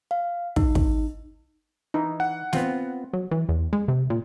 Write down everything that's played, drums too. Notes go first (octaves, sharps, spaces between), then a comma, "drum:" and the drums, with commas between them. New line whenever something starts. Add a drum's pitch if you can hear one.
F5
D#4, drum: kick
drum: kick
E3 D#4
F#5
B3 C4 F4, drum: snare
F#3
E3
E2
G#3
C3
A#2